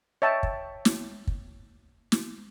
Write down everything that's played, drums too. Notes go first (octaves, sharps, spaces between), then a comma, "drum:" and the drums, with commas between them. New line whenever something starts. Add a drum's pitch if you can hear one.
C#5 D#5 E5 G5 A5
drum: kick
drum: snare
drum: kick
drum: snare